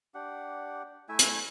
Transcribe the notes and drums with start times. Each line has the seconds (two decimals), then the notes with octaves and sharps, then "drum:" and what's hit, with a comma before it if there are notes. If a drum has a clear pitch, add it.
0.15 D4 G4 F#5
1.09 A3 E4 E5 G#5
1.19 drum: hi-hat